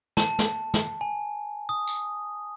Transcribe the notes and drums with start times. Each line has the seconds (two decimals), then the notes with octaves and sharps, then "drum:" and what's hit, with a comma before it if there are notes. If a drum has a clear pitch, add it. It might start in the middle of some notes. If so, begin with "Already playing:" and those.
0.17 A5, drum: snare
0.39 drum: snare
0.74 drum: snare
1.01 G#5
1.69 D#6
1.87 drum: tambourine